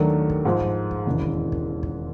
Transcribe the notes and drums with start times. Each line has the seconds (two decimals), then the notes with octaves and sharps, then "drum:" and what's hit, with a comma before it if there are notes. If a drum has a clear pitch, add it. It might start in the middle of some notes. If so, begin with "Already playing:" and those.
Already playing: D#2 D#3 F#3 A3 D4
0.30 drum: kick
0.45 G#2 F3 G#3
0.60 drum: kick
0.91 drum: kick
1.07 E1 D#2 C#3 E3
1.22 drum: kick
1.52 drum: kick
1.83 drum: kick